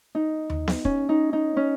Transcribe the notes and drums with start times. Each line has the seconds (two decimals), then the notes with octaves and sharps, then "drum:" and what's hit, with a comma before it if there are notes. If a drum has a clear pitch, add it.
0.15 D#4
0.50 drum: tom D#2
0.68 drum: snare B3
0.85 C#4, drum: kick
1.09 D#4
1.33 D#4
1.57 C#4